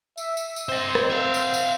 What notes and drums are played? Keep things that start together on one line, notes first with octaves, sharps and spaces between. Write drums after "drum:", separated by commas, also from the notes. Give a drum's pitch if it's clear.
E5, drum: tambourine
drum: tambourine
drum: tambourine
C4 C5 D#5
drum: rim click
E5 F5
drum: tambourine
drum: tambourine